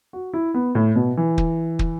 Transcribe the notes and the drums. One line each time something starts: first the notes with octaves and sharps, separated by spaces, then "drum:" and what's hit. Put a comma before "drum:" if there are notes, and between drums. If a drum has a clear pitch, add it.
F#4
E4
B3
A2
B2
E3
drum: kick
drum: kick